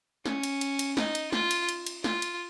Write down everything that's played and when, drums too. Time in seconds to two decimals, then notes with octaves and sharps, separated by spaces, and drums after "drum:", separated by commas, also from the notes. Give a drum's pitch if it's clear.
0.26 C#4, drum: snare
0.43 drum: cymbal
0.61 drum: cymbal
0.79 drum: cymbal
0.97 D#4, drum: snare
1.15 drum: cymbal
1.32 F4, drum: snare
1.51 drum: cymbal
1.69 drum: cymbal
1.87 drum: cymbal
2.04 F4, drum: snare
2.22 drum: cymbal